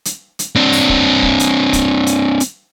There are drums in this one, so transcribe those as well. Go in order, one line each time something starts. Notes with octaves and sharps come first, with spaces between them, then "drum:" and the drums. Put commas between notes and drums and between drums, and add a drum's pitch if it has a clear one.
drum: hi-hat
drum: hi-hat
C4 D4
drum: open hi-hat
drum: kick
drum: kick
drum: hi-hat
drum: kick, hi-hat
drum: hi-hat
drum: hi-hat